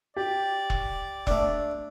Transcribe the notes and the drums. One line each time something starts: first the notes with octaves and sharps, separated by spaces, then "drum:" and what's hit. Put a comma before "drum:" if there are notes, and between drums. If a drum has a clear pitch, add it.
G4 D5
drum: kick E1
A3 D4, drum: kick E1